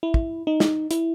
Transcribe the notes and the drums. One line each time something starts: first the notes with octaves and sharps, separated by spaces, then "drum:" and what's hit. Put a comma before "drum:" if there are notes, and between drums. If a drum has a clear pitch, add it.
E4
drum: kick
D#4
drum: snare
E4, drum: hi-hat